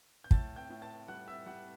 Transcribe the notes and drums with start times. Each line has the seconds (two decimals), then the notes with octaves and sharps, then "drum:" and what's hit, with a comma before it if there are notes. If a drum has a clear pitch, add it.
0.24 G6
0.31 A2 A5 A6, drum: kick
0.56 G5 G6
0.70 A2
0.82 A5 A6
1.08 G3 F#5 F#6
1.28 E5 E6
1.46 G3 F#5 F#6